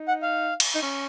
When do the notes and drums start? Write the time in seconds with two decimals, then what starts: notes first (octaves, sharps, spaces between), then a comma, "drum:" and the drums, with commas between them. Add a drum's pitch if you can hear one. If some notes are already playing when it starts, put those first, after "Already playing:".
Already playing: D#4
0.08 F#5
0.22 F5
0.60 drum: cymbal
0.75 D#4
0.82 C#4